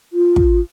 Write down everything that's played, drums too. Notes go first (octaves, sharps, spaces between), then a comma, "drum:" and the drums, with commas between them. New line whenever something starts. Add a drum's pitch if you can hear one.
F4
drum: kick